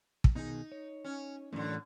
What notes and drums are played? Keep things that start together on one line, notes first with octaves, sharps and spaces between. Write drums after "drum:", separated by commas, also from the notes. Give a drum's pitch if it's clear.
drum: kick
B2 D#3 D#4 G#4
C#5
C#4
F#2 A2 D3 E3 A3